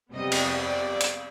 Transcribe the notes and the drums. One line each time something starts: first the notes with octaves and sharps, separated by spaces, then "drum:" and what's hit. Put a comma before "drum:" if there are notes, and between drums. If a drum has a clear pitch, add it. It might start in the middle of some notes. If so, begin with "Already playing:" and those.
F2 C3 G3 B3 D#5
drum: cymbal
D5
drum: hi-hat